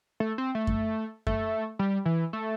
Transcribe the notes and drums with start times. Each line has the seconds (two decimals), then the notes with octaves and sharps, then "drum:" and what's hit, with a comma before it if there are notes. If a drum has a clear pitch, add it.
0.20 A3
0.38 C4
0.55 A3
0.67 drum: kick F#2
1.27 A3, drum: kick F#2
1.79 G3
2.05 E3
2.33 A3